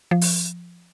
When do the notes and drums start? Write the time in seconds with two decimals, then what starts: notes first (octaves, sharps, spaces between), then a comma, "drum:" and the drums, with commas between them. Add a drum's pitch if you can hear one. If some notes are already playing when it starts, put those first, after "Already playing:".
0.11 F3
0.21 drum: open hi-hat